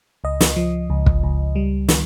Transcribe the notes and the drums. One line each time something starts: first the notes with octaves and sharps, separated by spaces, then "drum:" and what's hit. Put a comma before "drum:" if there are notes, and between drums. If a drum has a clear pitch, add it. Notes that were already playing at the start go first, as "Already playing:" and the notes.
C#2 D#5
drum: snare
F3
C#2
drum: kick
C#2
G3
D#3, drum: snare